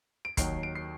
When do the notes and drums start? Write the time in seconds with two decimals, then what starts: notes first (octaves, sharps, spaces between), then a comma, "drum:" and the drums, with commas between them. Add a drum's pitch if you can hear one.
0.25 D7
0.37 D#2 D#3 F#3 C7, drum: kick, hi-hat
0.63 D7
0.75 C7